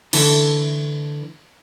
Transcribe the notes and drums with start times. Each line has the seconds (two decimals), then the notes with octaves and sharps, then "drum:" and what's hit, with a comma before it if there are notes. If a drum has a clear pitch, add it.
0.13 D3 E3 A3 A4, drum: cymbal